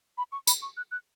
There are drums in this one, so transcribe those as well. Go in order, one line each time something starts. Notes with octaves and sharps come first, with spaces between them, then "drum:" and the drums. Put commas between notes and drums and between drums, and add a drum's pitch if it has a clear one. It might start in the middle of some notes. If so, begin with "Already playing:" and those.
B5
C#6
B5, drum: tambourine
C#6
F#6
F#6